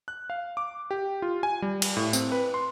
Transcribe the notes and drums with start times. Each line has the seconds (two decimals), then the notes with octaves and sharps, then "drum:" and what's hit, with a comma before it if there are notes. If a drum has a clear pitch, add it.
0.08 F#6
0.30 F5
0.57 D6
0.91 G4
1.22 F4
1.43 G#5
1.62 G3
1.82 drum: cymbal
1.97 A2
2.13 C4, drum: tambourine
2.32 B4
2.54 C6